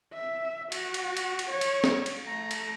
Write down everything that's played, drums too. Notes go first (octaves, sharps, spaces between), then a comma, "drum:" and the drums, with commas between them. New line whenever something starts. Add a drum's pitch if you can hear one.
E5
F#4, drum: cymbal
drum: cymbal
drum: cymbal
drum: cymbal
C#5
drum: cymbal
drum: snare
drum: cymbal
A3 A#5
drum: cymbal